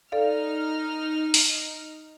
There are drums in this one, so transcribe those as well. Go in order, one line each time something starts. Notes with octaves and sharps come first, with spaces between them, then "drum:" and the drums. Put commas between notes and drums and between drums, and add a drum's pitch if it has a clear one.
D#4 A4 D5 F5 F6
drum: open hi-hat